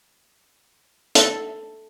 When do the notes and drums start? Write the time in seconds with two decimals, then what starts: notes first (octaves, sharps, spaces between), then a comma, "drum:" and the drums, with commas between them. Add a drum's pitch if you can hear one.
1.15 A4, drum: hi-hat